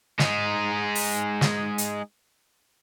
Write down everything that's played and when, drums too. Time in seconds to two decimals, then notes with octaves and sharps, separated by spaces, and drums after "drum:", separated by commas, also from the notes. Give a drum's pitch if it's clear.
0.19 G#3 D#4, drum: snare
0.95 drum: open hi-hat
1.41 drum: snare
1.78 drum: hi-hat